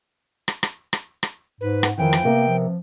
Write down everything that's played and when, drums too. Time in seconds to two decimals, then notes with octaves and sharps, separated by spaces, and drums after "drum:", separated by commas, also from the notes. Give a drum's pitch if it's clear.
0.48 drum: rim click
0.63 drum: rim click
0.93 drum: rim click
1.23 drum: rim click
1.61 G#2 B4
1.83 F#5, drum: rim click
1.98 F2 D#3 E3 G5
2.13 drum: rim click
2.24 C3 A#3 B3 A#4
2.48 F3